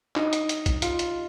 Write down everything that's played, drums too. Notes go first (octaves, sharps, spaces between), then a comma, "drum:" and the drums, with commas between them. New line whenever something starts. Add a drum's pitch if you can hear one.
D#4, drum: clap
drum: hi-hat
drum: hi-hat
drum: kick, hi-hat
F4, drum: hi-hat
drum: hi-hat